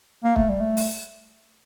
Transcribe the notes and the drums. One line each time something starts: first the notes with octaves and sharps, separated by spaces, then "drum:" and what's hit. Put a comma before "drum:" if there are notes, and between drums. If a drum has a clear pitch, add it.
A#3
A3, drum: kick C#1
G3
A3
drum: open hi-hat